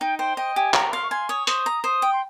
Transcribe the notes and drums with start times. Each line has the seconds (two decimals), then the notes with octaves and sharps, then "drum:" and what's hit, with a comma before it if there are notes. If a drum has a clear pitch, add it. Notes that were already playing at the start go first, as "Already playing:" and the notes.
0.01 D#4 G5
0.19 C5 G5
0.37 D#5 G5
0.55 G4 G#5
0.74 A#4 A#5, drum: clap
0.92 F5 C6
1.04 C#6
1.10 G#5 C6
1.29 C#5 D#6
1.47 C5 D#6, drum: hi-hat
1.66 A#5
1.84 C5 D#6
2.02 G5
2.13 C6